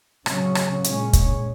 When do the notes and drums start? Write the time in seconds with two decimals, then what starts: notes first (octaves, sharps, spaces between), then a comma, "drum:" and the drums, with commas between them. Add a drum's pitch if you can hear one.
0.26 C#3 F#3 C#4, drum: rim click
0.55 drum: rim click
0.84 A#2 G#3 C#4, drum: hi-hat
1.13 drum: kick, hi-hat